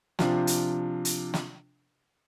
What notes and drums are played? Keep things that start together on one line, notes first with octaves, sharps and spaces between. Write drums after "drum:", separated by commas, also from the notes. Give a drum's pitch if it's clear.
C3 F3 D4 F4, drum: snare
drum: hi-hat
drum: hi-hat
drum: snare